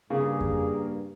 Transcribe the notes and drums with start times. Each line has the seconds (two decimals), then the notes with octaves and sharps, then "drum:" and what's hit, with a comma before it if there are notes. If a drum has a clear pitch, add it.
0.10 G2 C#3 A#3 G#4
0.40 drum: kick F2